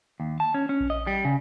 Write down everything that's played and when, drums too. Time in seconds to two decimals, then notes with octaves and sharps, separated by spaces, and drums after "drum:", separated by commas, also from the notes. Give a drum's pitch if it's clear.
0.20 D#2
0.40 A5
0.54 C#4
0.69 C#4
0.80 drum: kick A#1
0.90 D#5
1.07 G3
1.25 C#3